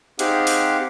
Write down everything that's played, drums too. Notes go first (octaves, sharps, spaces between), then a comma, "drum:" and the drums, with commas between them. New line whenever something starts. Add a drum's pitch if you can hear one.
C4 D#4 G4 G#4 F5 F#5, drum: hi-hat
drum: open hi-hat